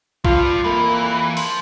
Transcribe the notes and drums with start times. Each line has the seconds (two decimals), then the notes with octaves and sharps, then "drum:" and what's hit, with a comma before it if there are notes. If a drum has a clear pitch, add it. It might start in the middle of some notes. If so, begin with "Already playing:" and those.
0.25 G2 F4, drum: kick
0.64 F2 E3 A3 A#3
1.37 F3, drum: open hi-hat